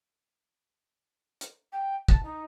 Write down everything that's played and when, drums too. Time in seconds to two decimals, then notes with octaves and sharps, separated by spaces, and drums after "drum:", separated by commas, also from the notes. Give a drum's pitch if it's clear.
1.41 drum: hi-hat
1.72 G5
2.08 A5, drum: kick
2.23 D#4